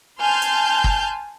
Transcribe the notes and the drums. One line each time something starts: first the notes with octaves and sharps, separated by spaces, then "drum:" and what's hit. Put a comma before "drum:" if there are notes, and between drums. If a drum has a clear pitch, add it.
G#5 A5 C6 F6 G6
drum: hi-hat
drum: kick